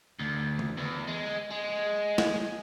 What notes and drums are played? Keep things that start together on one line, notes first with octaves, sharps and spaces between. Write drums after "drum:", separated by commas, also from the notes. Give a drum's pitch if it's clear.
D2
drum: tom D3
E2
G#3
G#3
drum: snare